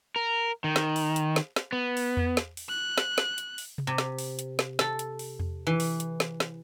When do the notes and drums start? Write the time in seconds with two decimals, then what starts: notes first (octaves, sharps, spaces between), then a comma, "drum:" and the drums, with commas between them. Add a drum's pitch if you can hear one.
0.16 A#4
0.64 D#3
0.76 drum: snare
0.96 drum: open hi-hat
1.16 drum: hi-hat
1.36 drum: snare
1.56 drum: snare
1.73 B3
1.97 drum: open hi-hat
2.17 drum: tom E2
2.37 drum: snare
2.57 drum: open hi-hat
2.70 F#6
2.98 drum: snare
3.18 drum: snare
3.38 drum: hi-hat
3.58 drum: open hi-hat
3.78 drum: tom C3
3.87 C3
3.98 drum: snare
4.19 drum: open hi-hat
4.39 drum: hi-hat
4.59 drum: snare
4.79 A4, drum: snare
4.99 drum: hi-hat
5.19 drum: open hi-hat
5.39 drum: tom E2
5.67 E3
5.80 drum: open hi-hat
6.00 drum: hi-hat
6.20 drum: snare
6.40 drum: snare